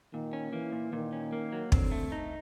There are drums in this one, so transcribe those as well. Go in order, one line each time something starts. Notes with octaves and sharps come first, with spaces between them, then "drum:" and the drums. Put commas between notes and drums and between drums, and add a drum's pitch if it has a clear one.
A#2 D#3
C#4
E3 A#3
A#2
A#2 D#3
C#4
A#3
F#3
D3 C4, drum: kick
A3
D#4